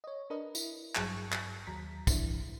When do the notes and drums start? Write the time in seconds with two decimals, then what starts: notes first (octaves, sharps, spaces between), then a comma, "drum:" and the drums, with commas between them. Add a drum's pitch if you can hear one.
0.04 C#5 D#5
0.30 D4 A#4 B4 D#5
0.55 E4, drum: tambourine
0.95 A1 G2 F#3 G#4 A5 C#6, drum: clap
1.32 drum: clap
1.67 D#2 F#3 A#5 B6
2.07 G2 E3 D4 E4, drum: kick, tambourine